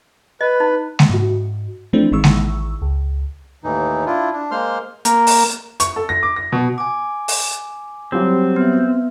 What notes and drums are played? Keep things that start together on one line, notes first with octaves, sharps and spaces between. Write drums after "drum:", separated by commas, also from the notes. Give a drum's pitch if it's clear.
B4 D#5
D#4
drum: snare G#3
G#2 F#4
E3 F3 A3 C4 D4
A1 D#3 E3 G#3 C#6 E6
drum: snare G#3
C#2
D#2 A2 E3 D#4
D4 E4 F4
D4
G#3 A#3 C5 C6 F6
A#3, drum: hi-hat
drum: open hi-hat
C#6, drum: hi-hat
A4
A#6
D6
A#6
B2
G#5 D6
drum: open hi-hat
F#3 G3 C4
B3 E5